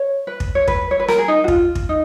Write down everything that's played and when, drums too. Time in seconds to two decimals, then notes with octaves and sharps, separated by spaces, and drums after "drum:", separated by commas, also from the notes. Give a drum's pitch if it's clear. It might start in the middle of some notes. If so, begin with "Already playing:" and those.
Already playing: C#5
0.27 B4
0.40 drum: kick
0.55 C#5
0.68 B4, drum: kick
0.91 C#5
1.00 B4
1.08 A#4, drum: rim click
1.18 G#4
1.28 D#4
1.44 F#4
1.48 F4, drum: kick
1.75 drum: kick
1.89 D#4